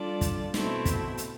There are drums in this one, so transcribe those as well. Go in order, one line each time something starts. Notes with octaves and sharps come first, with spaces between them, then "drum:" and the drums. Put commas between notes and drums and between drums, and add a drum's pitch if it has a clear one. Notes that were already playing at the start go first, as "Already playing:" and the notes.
Already playing: G3 D4 F4 A4 D5
drum: kick, hi-hat
B2 A3 C4 E4, drum: snare
drum: kick, hi-hat
drum: hi-hat